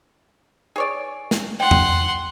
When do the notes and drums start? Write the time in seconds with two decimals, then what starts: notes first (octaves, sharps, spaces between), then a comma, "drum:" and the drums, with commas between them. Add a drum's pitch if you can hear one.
0.76 G#4 C#5 D5
1.31 drum: snare
1.60 F#5 G5 C6
1.71 drum: tom E2